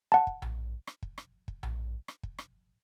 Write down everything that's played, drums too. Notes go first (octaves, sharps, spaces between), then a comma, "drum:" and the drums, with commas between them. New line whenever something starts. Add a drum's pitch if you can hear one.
F#5 A5
drum: kick
drum: tom A#1
drum: rim click
drum: kick
drum: rim click
drum: kick
drum: tom A#1
drum: rim click
drum: kick
drum: rim click